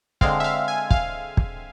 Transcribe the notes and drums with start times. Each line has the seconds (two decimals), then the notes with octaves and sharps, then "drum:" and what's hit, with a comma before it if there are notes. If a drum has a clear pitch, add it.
0.21 D3 G#3 C4 F5, drum: kick
0.40 E5
0.44 F5
0.68 G#5
0.91 F5, drum: kick
1.37 drum: kick